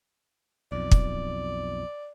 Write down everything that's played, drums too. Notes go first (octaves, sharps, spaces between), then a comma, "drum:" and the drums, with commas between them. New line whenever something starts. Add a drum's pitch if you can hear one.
B1 F2 D5
drum: kick